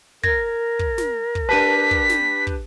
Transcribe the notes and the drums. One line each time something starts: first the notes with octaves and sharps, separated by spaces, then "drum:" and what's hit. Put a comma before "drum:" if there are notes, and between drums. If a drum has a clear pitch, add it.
A#4 G#6 A#6, drum: kick
drum: kick
drum: snare
drum: kick
D4 G4 B4 A5 B6 D#7
drum: kick
drum: snare
drum: kick